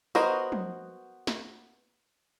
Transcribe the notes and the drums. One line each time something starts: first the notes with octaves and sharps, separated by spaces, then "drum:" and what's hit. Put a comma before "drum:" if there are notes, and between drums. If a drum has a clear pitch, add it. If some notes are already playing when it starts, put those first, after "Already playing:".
B3 F#4 A#4 C5 D#5, drum: tambourine
drum: tom F3
drum: snare